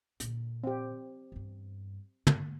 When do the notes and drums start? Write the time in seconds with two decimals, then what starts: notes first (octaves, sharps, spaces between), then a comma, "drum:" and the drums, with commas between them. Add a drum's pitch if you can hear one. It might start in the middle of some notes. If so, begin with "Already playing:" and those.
0.20 A#2 D3, drum: hi-hat
0.64 C4 G4
1.32 E2 G2
2.27 A#3, drum: tom